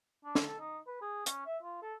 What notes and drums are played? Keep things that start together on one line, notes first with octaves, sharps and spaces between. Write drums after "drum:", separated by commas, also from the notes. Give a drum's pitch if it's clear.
D4
drum: snare
A4
D#4
B4
G#4
C#4, drum: hi-hat
E5
F4
A4